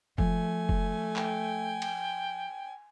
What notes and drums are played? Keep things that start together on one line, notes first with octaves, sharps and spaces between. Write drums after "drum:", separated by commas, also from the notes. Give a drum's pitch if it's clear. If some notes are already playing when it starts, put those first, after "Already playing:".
F3 A3 F4 G#5, drum: kick F1
drum: kick F1
G5, drum: clap
drum: cymbal